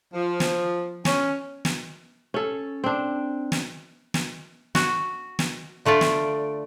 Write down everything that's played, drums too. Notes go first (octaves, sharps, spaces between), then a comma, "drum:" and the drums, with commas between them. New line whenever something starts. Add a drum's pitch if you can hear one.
F3
drum: snare
C#4, drum: snare
drum: snare
C#4 A4
C4 D4
drum: snare
drum: snare
F#4, drum: snare
drum: snare
D3 A3 F4 D5
drum: snare